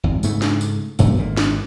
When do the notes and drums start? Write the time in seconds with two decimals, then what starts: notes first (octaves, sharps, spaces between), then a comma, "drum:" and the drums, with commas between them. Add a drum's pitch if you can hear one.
0.03 G#1 F2
0.23 G#2 C#3 A3, drum: tambourine
0.42 drum: snare
0.61 drum: tambourine
0.99 B1 G2 A#2 A3, drum: tambourine
1.17 G#1 A#2
1.37 drum: snare